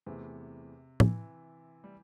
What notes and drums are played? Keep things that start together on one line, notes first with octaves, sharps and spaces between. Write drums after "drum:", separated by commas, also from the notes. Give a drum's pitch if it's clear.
E2 C3 E3 A3 C4
E3, drum: tom A2
G3